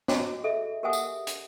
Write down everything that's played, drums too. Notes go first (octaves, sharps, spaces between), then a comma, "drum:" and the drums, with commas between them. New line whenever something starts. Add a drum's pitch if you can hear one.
F#4 D#5 D6, drum: snare
G#4 A4 D#5 E5
G4 A#4 E5 F#5 G#5 D#6
drum: tambourine
drum: hi-hat